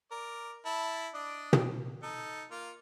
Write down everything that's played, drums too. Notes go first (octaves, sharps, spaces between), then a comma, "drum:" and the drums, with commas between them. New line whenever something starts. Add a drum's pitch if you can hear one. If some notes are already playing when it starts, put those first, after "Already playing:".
A#4 D5
E4 A5
D4 D5 D#5
drum: tom
D#4 A4
A#3 F4